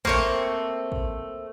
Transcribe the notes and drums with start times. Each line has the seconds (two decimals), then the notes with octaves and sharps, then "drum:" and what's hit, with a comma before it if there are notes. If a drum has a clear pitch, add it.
0.05 A3 A#3 C4 C#5, drum: kick G#1
0.92 drum: kick G#1